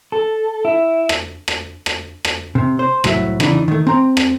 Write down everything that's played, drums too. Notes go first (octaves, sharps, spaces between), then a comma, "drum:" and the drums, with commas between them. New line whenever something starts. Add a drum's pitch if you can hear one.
A4
E4
drum: rim click
drum: rim click
drum: rim click
drum: rim click
C3
C5
C2 A2 F#3 A#4 E5, drum: rim click
C#3 E3 D4 D#4, drum: rim click
D#3 A3
C4 A#5
drum: rim click